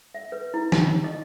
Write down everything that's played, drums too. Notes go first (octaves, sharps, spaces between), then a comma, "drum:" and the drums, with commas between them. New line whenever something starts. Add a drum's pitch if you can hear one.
E5
B4
E4
D#4, drum: snare
D#5